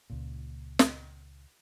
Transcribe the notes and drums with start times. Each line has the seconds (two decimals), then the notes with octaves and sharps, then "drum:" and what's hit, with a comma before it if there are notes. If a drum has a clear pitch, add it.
0.10 C#2 A#2
0.79 drum: snare